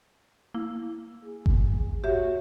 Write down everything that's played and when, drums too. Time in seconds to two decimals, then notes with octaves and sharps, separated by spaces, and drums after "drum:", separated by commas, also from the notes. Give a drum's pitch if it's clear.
0.54 A#3 E4
1.25 G#4
1.46 drum: kick G1
2.04 F#4 G4 C#5 E5